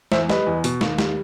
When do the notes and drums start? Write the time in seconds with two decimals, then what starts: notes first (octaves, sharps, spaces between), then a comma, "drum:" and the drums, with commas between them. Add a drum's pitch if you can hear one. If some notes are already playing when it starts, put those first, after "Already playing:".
0.12 E2 C5 E5, drum: snare
0.29 G3 B4 D#5, drum: snare
0.46 E2
0.64 B2, drum: hi-hat
0.81 D#2, drum: snare
0.98 G3, drum: snare